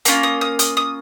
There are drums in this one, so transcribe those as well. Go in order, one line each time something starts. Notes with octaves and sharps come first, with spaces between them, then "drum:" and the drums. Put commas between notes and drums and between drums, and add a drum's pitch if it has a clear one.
A#3 C#4 F4, drum: hi-hat
D#6
D#6
D#6, drum: hi-hat
D#6